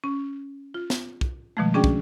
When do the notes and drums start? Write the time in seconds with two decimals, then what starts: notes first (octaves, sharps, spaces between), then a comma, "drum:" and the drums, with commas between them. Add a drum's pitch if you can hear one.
0.04 C#4
0.74 F4
0.90 drum: snare
1.21 drum: kick
1.57 B2 D#3 F3 G#3 A3
1.74 C#4 D4 F#4 G#4 D5 G5
1.84 drum: kick